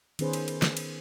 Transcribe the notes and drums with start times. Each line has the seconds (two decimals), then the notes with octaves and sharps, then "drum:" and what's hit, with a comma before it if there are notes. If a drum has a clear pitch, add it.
0.19 D#3 B3 C#4 G#4 B4 C5, drum: cymbal
0.33 drum: cymbal
0.48 drum: cymbal
0.62 drum: snare
0.77 drum: cymbal